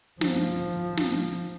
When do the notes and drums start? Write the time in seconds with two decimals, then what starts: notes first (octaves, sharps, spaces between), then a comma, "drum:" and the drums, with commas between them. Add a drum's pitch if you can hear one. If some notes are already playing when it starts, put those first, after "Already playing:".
0.21 F3, drum: snare
0.97 drum: snare